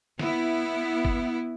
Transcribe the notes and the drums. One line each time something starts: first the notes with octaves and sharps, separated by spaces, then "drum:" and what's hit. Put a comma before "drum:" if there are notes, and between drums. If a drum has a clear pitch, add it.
B3 E4, drum: snare
drum: kick